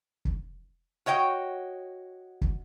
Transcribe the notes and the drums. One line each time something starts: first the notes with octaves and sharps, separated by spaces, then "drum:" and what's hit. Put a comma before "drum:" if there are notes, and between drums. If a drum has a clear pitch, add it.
drum: kick
F#4 C#5 D#5 G5
drum: kick